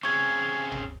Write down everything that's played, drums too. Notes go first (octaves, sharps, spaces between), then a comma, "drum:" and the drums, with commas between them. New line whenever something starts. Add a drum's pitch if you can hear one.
C4 C#4 G#4 C#6 G#6
drum: tom F#1